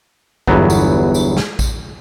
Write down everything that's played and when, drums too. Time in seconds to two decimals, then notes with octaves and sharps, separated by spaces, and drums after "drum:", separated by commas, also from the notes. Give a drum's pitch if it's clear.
0.47 G1 E2 F#3 B3, drum: kick A1
0.70 drum: tambourine
1.14 drum: tambourine
1.37 drum: snare
1.59 drum: kick A1, tambourine